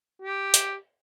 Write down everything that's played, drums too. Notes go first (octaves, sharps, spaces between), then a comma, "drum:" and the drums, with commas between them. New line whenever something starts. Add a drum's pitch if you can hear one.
G4
drum: hi-hat